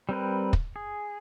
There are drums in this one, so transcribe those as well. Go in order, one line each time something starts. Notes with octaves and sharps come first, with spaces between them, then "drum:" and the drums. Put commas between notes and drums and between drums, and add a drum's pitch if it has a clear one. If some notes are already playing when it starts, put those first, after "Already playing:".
G3 C4 A#4 B4
drum: kick
G#4